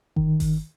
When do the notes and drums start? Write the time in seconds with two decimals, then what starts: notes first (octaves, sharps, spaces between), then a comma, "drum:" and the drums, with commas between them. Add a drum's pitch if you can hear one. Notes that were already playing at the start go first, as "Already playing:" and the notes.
0.16 D#3, drum: kick G1
0.40 drum: kick G1, open hi-hat